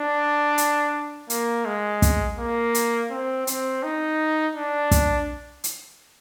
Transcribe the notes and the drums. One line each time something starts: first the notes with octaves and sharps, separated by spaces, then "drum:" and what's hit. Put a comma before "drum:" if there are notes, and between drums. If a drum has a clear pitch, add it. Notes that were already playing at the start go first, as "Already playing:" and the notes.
Already playing: D4
drum: hi-hat
A#3, drum: hi-hat
G#3
drum: kick, hi-hat
A#3
drum: hi-hat
C4
C4, drum: hi-hat
D#4
D4
drum: kick, hi-hat
drum: hi-hat